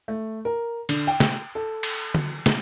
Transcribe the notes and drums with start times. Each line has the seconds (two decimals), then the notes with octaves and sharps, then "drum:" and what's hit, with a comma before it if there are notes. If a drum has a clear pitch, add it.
0.08 A3
0.45 A#4
0.89 D3, drum: cymbal
1.07 G5
1.20 drum: snare
1.55 A4
1.83 drum: cymbal
2.15 drum: tom D3
2.46 drum: snare